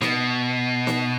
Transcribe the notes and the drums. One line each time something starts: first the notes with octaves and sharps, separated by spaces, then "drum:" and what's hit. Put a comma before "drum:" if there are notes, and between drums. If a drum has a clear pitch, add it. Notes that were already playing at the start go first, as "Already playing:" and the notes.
B2, drum: snare
drum: snare